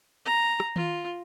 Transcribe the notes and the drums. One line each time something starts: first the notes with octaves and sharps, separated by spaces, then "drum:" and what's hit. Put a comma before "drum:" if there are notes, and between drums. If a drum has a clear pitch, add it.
A#5
drum: rim click
F4, drum: tom D#3